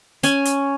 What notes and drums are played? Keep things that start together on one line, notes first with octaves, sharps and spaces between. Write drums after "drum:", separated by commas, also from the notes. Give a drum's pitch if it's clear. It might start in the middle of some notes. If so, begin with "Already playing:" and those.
C#4 G#5, drum: hi-hat
drum: hi-hat